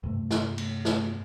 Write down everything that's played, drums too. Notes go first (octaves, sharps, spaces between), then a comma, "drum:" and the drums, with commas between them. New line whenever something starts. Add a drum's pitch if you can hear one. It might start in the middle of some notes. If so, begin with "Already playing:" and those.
G2 C3 A3
drum: snare
drum: cymbal
drum: snare